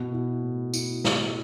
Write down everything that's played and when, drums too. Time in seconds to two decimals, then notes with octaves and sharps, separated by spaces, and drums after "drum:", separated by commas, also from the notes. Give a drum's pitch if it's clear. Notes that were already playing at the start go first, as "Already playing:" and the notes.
Already playing: B2 E4
0.13 E4
0.42 A2
0.73 E4, drum: tambourine
1.04 A2, drum: snare